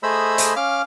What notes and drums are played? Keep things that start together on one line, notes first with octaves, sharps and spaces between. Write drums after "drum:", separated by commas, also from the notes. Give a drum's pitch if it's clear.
A3 G#4 C5 D#5 B5 E6
drum: hi-hat
C#4 F5 D6 F6